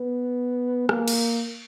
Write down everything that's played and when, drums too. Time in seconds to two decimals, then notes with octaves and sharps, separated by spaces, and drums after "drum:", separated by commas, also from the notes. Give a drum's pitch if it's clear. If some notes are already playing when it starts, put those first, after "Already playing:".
Already playing: B3
0.89 A#3, drum: rim click
1.08 drum: cymbal